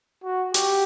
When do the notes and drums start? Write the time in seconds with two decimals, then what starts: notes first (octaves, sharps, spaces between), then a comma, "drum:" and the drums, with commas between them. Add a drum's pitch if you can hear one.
0.24 F#4
0.54 G4, drum: hi-hat